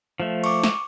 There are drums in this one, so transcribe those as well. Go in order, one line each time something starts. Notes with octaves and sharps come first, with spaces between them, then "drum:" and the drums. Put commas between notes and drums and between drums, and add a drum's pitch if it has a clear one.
F3 A3
C#6 D6, drum: cymbal
drum: snare